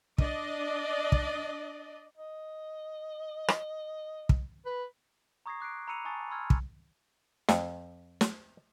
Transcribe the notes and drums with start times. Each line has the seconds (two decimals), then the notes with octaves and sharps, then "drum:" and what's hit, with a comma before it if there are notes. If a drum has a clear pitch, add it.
0.18 D4 D5 D#5, drum: kick
1.12 drum: kick
2.17 D#5
3.48 drum: rim click
4.29 drum: kick
4.66 B4
5.46 A#5 C#6 D#6 G#6 A#6 C7
5.60 D6 F#6 C7 D7
5.88 A#5 B5 E6 C#7 D#7 F7
6.05 G#5 A5 C#6 D#6 A6
6.31 B5 C6 E6 F6 G#6
6.50 drum: kick
7.49 F2, drum: snare
8.21 drum: snare